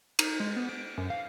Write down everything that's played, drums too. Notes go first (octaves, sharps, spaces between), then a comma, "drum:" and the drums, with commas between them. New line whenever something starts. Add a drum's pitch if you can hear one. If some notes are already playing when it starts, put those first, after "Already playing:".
D#4, drum: cymbal
G#3
B3
D7
F#2
F5